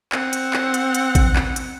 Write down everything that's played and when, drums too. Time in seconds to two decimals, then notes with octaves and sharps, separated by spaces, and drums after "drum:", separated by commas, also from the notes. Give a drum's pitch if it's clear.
0.12 C4 F#5, drum: clap
0.33 drum: hi-hat
0.53 drum: clap
0.74 drum: hi-hat
0.94 drum: hi-hat
1.15 drum: kick A1, hi-hat
1.36 drum: clap
1.56 drum: hi-hat